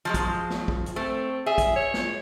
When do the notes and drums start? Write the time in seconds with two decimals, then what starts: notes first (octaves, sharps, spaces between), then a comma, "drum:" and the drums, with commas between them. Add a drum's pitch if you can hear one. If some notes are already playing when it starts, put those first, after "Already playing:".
0.05 F3 F#3 G#3
0.14 drum: kick, hi-hat
0.50 drum: snare
0.68 drum: kick
0.86 drum: hi-hat
0.96 A3 C4
1.46 G#4 E5
1.58 drum: kick, hi-hat
1.76 C#5
1.94 drum: snare